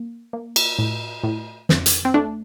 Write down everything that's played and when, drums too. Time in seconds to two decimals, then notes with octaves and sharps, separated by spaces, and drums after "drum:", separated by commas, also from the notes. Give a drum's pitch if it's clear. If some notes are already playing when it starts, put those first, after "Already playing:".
Already playing: A#3
0.33 A#3
0.56 drum: cymbal
0.79 A2
1.24 A2
1.69 F2, drum: snare
1.86 drum: hi-hat
2.05 C4
2.14 A3 D4